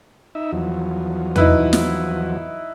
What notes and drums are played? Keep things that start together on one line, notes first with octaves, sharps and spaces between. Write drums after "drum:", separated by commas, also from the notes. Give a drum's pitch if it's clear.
D#4 E5
E2 F3 F#3
D#4 E4 B4, drum: tom E2
drum: snare